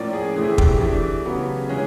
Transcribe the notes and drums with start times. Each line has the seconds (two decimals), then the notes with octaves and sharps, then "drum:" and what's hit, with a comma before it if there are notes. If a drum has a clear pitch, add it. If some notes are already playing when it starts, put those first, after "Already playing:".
Already playing: A2 F3 A#3 C#4 D5
0.13 G#4
0.36 A2 E3 A3 C4 G#4
0.58 G4, drum: kick
0.81 E3 A3 D4
1.25 C#3 F#3 B3
1.69 E3 G#3 C#4 G#4